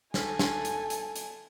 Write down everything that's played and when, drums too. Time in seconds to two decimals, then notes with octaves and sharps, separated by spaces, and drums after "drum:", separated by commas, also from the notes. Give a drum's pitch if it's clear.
0.14 A4 G#5, drum: snare
0.39 drum: snare
0.65 drum: hi-hat
0.90 drum: hi-hat
1.16 drum: hi-hat